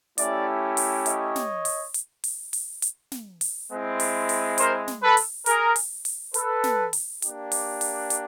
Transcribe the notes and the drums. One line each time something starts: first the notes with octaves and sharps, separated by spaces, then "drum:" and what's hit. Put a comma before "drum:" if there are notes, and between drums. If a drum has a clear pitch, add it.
A3 C#4 E4 G4 D5 E5, drum: hi-hat
drum: open hi-hat
C#5 D#5, drum: hi-hat
drum: snare
drum: open hi-hat
drum: hi-hat
drum: open hi-hat
drum: open hi-hat
drum: hi-hat
drum: snare
drum: open hi-hat
G#3 C4 E4
drum: open hi-hat
drum: open hi-hat
A#4 C5, drum: hi-hat
drum: snare
A4 B4
drum: open hi-hat
G#4 A#4, drum: hi-hat
drum: open hi-hat
drum: open hi-hat
A4 B4, drum: hi-hat
drum: snare
drum: open hi-hat
A#3 D4 G4, drum: hi-hat
drum: open hi-hat
drum: open hi-hat
drum: hi-hat